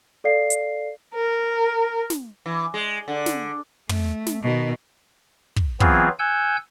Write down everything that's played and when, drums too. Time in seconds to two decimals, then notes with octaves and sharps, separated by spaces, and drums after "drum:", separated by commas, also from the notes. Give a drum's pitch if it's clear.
0.24 A4 D5 F5 C7
0.50 drum: hi-hat
1.15 A#4
2.10 drum: snare
2.46 E3
2.74 G#3
3.08 D3
3.26 drum: snare
3.89 A3, drum: tom
4.26 drum: snare
4.43 B2 D#3
5.56 drum: kick
5.80 E3 F#3 B3 C4 F4 G#4, drum: kick
6.19 F#5 G#5 E6 G6